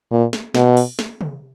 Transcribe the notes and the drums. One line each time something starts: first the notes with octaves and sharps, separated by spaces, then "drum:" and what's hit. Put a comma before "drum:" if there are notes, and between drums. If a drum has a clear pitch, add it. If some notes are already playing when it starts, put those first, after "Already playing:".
A#2
drum: snare
B2, drum: snare
drum: open hi-hat
drum: snare
drum: tom